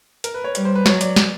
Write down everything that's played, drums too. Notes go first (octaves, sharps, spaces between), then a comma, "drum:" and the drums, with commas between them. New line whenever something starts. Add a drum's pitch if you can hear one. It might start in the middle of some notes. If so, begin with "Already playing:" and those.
A#4, drum: hi-hat
B4
C#5
G3 C#5, drum: hi-hat
C5
B4
F#3 C#5, drum: snare
D5, drum: hi-hat
drum: snare